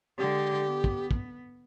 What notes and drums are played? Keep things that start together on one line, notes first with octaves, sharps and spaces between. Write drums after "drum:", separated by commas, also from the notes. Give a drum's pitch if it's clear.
D3 G#3 G4
B3
drum: kick
drum: kick